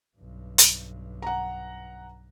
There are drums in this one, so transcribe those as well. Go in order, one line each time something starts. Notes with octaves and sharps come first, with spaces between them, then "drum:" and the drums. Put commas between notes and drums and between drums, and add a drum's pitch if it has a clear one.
B1 G2
drum: hi-hat
F#5 A#5